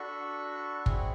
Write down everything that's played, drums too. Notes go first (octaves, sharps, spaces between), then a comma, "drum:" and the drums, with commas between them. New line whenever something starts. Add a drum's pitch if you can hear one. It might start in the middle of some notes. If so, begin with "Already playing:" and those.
Already playing: D4 F#4 A4 B5 C#6
C4 E4 G#4, drum: kick